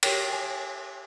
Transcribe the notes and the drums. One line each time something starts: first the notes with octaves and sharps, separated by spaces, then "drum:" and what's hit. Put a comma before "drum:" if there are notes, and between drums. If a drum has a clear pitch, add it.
G4 A#4 C#5 G5, drum: cymbal
G5
G#5